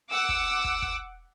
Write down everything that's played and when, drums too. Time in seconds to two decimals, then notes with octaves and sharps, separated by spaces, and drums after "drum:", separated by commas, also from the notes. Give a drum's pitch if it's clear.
0.11 F#5 D6 E6
0.29 drum: kick
0.64 drum: kick
0.82 drum: kick